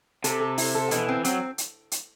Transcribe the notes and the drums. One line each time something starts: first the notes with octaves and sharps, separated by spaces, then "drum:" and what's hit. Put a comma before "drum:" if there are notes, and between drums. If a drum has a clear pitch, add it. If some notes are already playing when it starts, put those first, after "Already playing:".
C3 A4, drum: hi-hat
A4
E4, drum: open hi-hat
A4
B2 E3, drum: hi-hat
C4
F#3 C4, drum: hi-hat
drum: hi-hat
drum: hi-hat